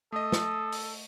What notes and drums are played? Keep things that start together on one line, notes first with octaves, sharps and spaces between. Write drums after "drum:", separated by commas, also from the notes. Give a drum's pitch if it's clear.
A3 A4 D#5 D#6
drum: snare
drum: open hi-hat